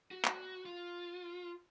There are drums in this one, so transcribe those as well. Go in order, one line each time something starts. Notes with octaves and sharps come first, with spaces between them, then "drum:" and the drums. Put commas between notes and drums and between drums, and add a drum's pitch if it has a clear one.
F#4
drum: clap
F4